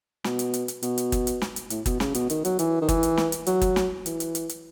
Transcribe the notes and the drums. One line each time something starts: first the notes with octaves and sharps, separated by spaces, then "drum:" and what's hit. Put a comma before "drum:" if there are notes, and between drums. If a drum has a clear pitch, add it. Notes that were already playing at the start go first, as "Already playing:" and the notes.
B2, drum: snare
drum: hi-hat
drum: hi-hat
drum: hi-hat
B2, drum: hi-hat
drum: hi-hat
drum: kick, hi-hat
drum: hi-hat
drum: snare
drum: hi-hat
A2, drum: hi-hat
B2, drum: kick, hi-hat
C#3, drum: snare
B2, drum: hi-hat
D#3, drum: hi-hat
F#3, drum: hi-hat
E3, drum: hi-hat
D#3
E3, drum: kick, hi-hat
drum: hi-hat
drum: snare
drum: hi-hat
F#3, drum: hi-hat
drum: kick, hi-hat
drum: snare
E3, drum: hi-hat
drum: hi-hat
drum: hi-hat
drum: hi-hat